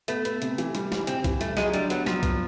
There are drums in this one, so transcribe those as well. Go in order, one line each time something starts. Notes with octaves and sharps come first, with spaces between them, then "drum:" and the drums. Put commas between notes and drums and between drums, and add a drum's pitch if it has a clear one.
A3 B3, drum: hi-hat
B3, drum: hi-hat
C3, drum: hi-hat
E3, drum: hi-hat
G3, drum: hi-hat
E3, drum: snare
C3 C4, drum: hi-hat
E3, drum: kick B1, hi-hat
G3 A3, drum: hi-hat
F#3 G#3, drum: snare
G3 D4, drum: hi-hat
F#3 B3, drum: hi-hat
F3 F#3, drum: snare
B3, drum: kick B1, hi-hat